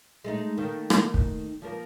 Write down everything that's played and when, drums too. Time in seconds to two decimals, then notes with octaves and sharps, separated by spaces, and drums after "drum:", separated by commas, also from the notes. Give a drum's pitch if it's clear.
0.24 G#3 A3 D#4
0.57 D#3 A3 A#3
0.90 drum: rim click
1.14 drum: kick
1.62 F3 A#3 A#4